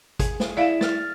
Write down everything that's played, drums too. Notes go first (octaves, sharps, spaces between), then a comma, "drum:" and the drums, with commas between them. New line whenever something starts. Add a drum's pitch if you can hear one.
G#4, drum: kick, hi-hat
drum: snare
E4 D5 E5 F5 E7
F6 A6, drum: snare